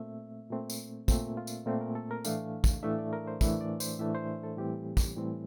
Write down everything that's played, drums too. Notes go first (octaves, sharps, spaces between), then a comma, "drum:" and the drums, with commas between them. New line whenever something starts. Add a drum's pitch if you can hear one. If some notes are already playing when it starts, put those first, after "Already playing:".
Already playing: A#2 A3 C4 E5
A#2 A3 C4
drum: tambourine
A#2 A3 C4 E5, drum: kick, tambourine
F4
drum: tambourine
A#2 A3 C4
A#4
A4
A#4
A2 E3 A3 D4 F5, drum: tambourine
drum: kick, tambourine
A2 E3 A3 D4 E5
D5
A#4
C5
A2 E3 A3 D4 E5, drum: kick, tambourine
D5
C5, drum: tambourine
A2 E3 A3 D4 E5
C5
A4
A2 E3 G3 C4 G4
drum: kick, tambourine
A2 E3 G3 C4